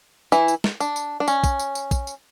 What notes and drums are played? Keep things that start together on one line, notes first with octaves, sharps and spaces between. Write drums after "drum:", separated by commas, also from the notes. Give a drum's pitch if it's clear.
E3 E4, drum: tambourine
drum: tambourine
drum: snare
D4, drum: tambourine
drum: tambourine
D4
C#4, drum: tambourine
drum: kick, tambourine
drum: tambourine
drum: tambourine
drum: kick, tambourine
drum: tambourine